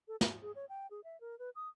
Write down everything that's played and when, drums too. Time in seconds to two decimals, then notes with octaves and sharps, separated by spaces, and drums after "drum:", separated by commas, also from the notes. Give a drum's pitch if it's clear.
0.08 A4
0.21 F#4, drum: snare
0.42 G#4
0.55 C#5
0.69 G5
0.91 G#4
1.04 E5
1.21 A#4
1.39 B4
1.56 D#6